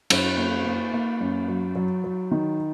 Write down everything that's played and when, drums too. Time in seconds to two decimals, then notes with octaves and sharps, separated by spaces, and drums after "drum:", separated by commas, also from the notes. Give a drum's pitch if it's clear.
0.10 F#2, drum: cymbal
0.37 A#3
0.65 A#3
0.93 A#3
1.20 F#2
1.48 F#3
1.76 F#3
2.04 F#3
2.31 D#3